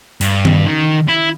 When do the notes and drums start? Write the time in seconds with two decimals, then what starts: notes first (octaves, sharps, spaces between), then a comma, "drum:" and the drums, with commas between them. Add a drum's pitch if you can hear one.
0.21 G2, drum: hi-hat
0.45 drum: tom D#3
0.66 D#3
1.09 E4